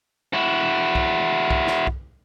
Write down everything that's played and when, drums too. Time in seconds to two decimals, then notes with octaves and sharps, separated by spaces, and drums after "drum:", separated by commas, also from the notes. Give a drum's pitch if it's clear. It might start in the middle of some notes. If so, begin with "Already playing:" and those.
0.34 E4 F#4
0.95 drum: kick
1.51 drum: kick
1.67 drum: snare
1.87 drum: kick